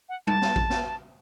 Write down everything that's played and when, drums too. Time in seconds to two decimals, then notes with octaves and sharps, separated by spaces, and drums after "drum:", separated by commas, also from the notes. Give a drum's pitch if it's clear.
0.09 F#5
0.27 A5, drum: tom G3
0.42 drum: snare
0.56 drum: kick A1
0.70 drum: snare